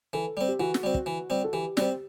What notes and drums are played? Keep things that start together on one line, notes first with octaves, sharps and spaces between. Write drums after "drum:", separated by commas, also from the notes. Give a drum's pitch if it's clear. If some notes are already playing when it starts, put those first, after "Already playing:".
E3 A4
G3 C4
G4
E3 F#4
drum: snare
G3 C4
drum: kick
E3
G3 C4
A4
E3 G4
G3 C4, drum: snare